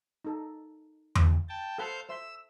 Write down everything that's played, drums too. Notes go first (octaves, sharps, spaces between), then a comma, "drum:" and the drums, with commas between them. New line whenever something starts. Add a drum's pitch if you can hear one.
D#4 A4
drum: tom E2
G5 A5
A4 C5 F5 F#5 B5 G6
C5 E5 C6 E6